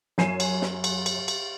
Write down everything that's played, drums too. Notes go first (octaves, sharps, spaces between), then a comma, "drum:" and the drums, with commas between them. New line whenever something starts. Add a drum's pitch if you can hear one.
F#2 C#5 G#5 C7 D#7 E7, drum: snare
drum: cymbal
drum: snare
drum: cymbal
drum: cymbal
drum: cymbal